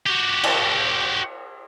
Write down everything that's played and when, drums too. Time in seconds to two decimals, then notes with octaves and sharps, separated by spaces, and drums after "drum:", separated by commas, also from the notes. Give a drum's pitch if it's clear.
0.07 F#4 G4
0.44 drum: cymbal